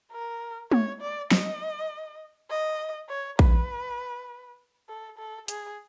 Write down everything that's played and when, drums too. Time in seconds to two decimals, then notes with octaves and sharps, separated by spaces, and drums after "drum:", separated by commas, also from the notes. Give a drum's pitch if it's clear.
0.12 A#4
0.72 C#5, drum: tom G#3
1.01 D5
1.31 D#5, drum: snare
2.50 D#5
3.09 C#5
3.39 B4, drum: kick A#1
4.89 A4
5.18 A4
5.48 G#4, drum: hi-hat